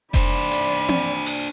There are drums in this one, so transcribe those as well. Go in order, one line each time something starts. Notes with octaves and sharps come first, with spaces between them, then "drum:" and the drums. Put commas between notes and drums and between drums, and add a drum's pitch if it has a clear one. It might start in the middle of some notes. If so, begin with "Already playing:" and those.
D4 C5 D5 B5, drum: kick F1, hi-hat
drum: hi-hat
drum: tom C4
drum: open hi-hat